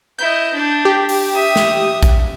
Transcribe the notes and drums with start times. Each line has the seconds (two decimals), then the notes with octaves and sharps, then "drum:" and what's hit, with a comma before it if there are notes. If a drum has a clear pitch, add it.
0.19 E4 D#5 G6
0.54 D4
0.85 G4
1.09 drum: open hi-hat
1.33 E5 D#6
1.56 drum: snare
2.03 drum: kick A#1, hi-hat